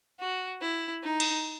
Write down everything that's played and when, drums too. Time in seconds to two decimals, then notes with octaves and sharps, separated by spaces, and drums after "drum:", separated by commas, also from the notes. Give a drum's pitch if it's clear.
0.20 F#4
0.61 E4
1.03 D#4
1.20 drum: cymbal